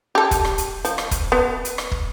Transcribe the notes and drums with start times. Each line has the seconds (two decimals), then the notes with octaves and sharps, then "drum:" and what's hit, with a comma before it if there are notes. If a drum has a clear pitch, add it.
0.15 G4 A4
0.31 drum: kick, hi-hat
0.45 drum: rim click
0.58 drum: hi-hat
0.85 F3, drum: hi-hat
0.98 drum: rim click
1.11 drum: kick, hi-hat
1.32 B3
1.65 drum: hi-hat
1.78 drum: rim click
1.91 drum: kick